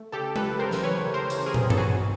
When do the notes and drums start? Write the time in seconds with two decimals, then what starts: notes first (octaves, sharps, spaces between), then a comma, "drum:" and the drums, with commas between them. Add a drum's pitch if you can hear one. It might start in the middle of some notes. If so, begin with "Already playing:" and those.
Already playing: A3
0.12 C#3 G4 A4
0.36 A3 A4 B4, drum: tom G#3
0.59 C#3 A#4 C5
0.71 drum: snare
0.83 E3 B4 C#5
1.07 E3
1.14 A#4 C5
1.30 C#3, drum: hi-hat
1.46 G#4 A#4
1.54 F2, drum: tom
1.70 A4, drum: tom G2
1.77 D#3 F#4 G#4
2.00 D#3